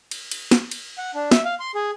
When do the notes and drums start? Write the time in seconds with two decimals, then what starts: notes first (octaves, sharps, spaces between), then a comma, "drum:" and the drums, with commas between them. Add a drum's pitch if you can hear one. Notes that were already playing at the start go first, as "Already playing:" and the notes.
0.11 drum: cymbal
0.31 drum: cymbal
0.51 drum: snare
0.71 drum: cymbal
0.98 F#5
1.15 D4
1.31 E5, drum: snare
1.45 F5
1.60 C6
1.75 G#4